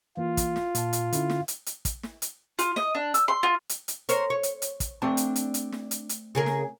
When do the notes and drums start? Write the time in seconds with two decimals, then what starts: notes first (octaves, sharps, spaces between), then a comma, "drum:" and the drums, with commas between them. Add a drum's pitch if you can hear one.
0.17 E3 A#3 F4
0.37 drum: kick, hi-hat
0.56 drum: snare
0.75 A#2 A5, drum: hi-hat
0.93 drum: hi-hat
1.13 D3 C#4 E4, drum: hi-hat
1.30 drum: snare
1.48 drum: hi-hat
1.66 drum: hi-hat
1.85 drum: kick, hi-hat
2.03 drum: snare
2.22 drum: hi-hat
2.59 F4, drum: hi-hat
2.76 D#5, drum: snare
2.95 D4
3.14 E6, drum: hi-hat
3.28 C6
3.43 F4
3.69 drum: hi-hat
3.88 drum: hi-hat
4.09 A#4 C5 C#5, drum: hi-hat
4.30 C#5
4.43 drum: hi-hat
4.62 drum: hi-hat
4.80 drum: kick, hi-hat
5.02 A3 C4 D4 A5
5.17 drum: hi-hat
5.36 drum: hi-hat
5.54 drum: hi-hat
5.72 drum: snare
5.91 drum: hi-hat
6.09 drum: hi-hat
6.35 C#3 G#4 A#4
6.46 drum: snare